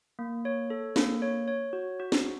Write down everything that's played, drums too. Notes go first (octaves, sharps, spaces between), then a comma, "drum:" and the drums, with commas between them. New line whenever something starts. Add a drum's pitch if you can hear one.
A#3
C#5
A4
A#3, drum: snare
C#5
C#5
F#4
F#4
drum: snare